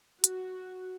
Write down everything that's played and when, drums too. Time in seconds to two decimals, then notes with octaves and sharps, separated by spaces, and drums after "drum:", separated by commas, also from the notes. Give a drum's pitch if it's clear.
0.24 F#4, drum: hi-hat